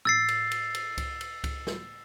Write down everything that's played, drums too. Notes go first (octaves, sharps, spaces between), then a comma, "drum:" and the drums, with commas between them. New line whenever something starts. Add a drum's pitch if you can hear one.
E6 A6 C7, drum: tom A2
drum: cymbal
drum: cymbal
drum: cymbal
drum: kick C#2, cymbal
drum: cymbal
drum: kick C#2, cymbal
drum: snare